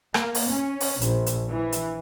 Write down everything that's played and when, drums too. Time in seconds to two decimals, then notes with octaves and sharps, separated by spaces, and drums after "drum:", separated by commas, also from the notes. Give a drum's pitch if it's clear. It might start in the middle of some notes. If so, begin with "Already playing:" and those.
0.14 A#3, drum: rim click
0.35 drum: open hi-hat
0.49 C#4
0.80 drum: open hi-hat
1.01 A#1, drum: hi-hat
1.26 drum: hi-hat
1.49 E3
1.72 drum: hi-hat